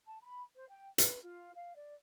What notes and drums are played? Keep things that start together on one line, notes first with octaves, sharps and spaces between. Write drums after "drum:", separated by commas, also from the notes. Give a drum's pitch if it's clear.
A5
B5
C5
G5
B4, drum: hi-hat
F4
F5
D5